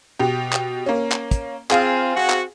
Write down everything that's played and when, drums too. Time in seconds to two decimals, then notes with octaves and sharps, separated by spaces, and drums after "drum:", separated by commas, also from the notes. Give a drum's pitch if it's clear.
0.19 B2 G4
0.53 drum: clap
0.86 A#3 C#4
1.12 drum: clap
1.31 drum: kick, hi-hat
1.71 C4 F4 G#4 F5 G#5, drum: clap
2.15 C4 F#4
2.30 drum: clap